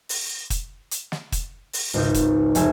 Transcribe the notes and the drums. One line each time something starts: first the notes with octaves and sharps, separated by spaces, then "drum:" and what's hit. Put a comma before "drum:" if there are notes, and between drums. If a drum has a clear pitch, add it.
drum: open hi-hat
drum: kick, hi-hat
drum: hi-hat
drum: snare
drum: kick, hi-hat
drum: open hi-hat
G#1 C#2 D#4 G6
drum: kick, hi-hat
F1 G5 G#5 E6, drum: hi-hat